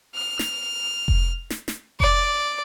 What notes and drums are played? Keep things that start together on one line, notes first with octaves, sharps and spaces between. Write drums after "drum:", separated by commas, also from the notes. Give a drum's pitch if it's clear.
F6
drum: snare
drum: kick F1
drum: snare
drum: snare
D5, drum: kick F1